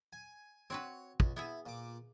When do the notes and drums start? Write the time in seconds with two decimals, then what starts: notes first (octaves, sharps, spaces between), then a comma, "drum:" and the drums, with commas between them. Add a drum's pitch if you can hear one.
0.13 G#5
0.70 C4 F#4 B4 C#5
1.20 C#2, drum: kick
1.36 B3 E4 G#4 E5
1.66 A#2 D6